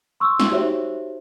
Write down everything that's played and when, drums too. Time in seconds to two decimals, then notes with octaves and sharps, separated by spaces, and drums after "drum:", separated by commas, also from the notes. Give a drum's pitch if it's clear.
0.20 C6 C#6 E6
0.40 drum: snare
0.51 D#4 F#4 G4 C5 C#5 E5